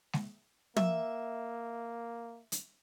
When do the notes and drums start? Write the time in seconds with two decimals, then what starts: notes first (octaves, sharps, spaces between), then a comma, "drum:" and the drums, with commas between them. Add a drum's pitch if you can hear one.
0.13 drum: snare G#3
0.77 A#3 E5, drum: tom
2.52 drum: hi-hat